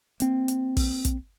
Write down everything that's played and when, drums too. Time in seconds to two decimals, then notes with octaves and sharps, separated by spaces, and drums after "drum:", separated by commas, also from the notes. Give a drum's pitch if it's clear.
0.20 A#3 C4, drum: hi-hat
0.48 drum: hi-hat
0.77 drum: kick, open hi-hat
1.05 drum: kick, hi-hat